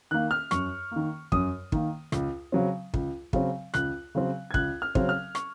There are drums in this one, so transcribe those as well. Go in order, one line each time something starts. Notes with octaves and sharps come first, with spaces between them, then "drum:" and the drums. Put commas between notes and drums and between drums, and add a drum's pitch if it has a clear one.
D#3 A#3 F#6
F6
F#2 C#6, drum: rim click
D#3 A#3
F#2 D#6, drum: kick
D#3 A#3, drum: kick
C#2, drum: rim click
C#3 F#3 C4
C#2, drum: kick
C#3 F#3 C4, drum: kick
C#2 F#6, drum: rim click
C#3 F#3 C4
G#6
C#2 F#6, drum: kick
F6
C#3 F#3 C4, drum: kick
F6
C#6, drum: rim click